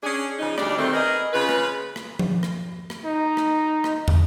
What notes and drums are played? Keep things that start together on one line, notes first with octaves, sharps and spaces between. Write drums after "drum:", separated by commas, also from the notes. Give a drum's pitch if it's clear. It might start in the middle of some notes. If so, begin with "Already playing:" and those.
C#4 D4 G#4
C#3 F3 D#4
D2 G3 D4 D5, drum: rim click
B2 D#3 A3 C4 C5
G#4 A#4 B4 D#5
C#3 F4 B4
drum: rim click
drum: rim click
drum: tom F3
drum: rim click
drum: rim click
D#4
drum: rim click
drum: rim click
drum: tom